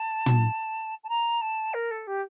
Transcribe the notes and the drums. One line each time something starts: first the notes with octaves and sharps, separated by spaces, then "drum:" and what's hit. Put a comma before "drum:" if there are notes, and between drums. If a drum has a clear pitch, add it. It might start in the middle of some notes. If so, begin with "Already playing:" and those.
Already playing: A5
drum: tom
A5
A#5
A5
A#4
A4
G4